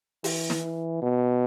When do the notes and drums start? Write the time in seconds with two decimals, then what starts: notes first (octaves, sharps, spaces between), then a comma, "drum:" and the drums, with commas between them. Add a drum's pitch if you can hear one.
0.24 E3, drum: open hi-hat
0.50 drum: snare
1.02 B2